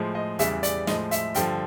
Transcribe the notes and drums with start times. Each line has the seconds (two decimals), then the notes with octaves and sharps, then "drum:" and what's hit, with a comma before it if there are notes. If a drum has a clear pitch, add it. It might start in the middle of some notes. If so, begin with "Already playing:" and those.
Already playing: A2 F3 G#3
0.15 D#5
0.39 E2 C#3 E3 G3 E5, drum: hi-hat
0.63 D5, drum: hi-hat
0.87 A2 F3 G#3 D#5, drum: snare
1.11 E5, drum: hi-hat
1.35 G2 D3 F3 G5, drum: hi-hat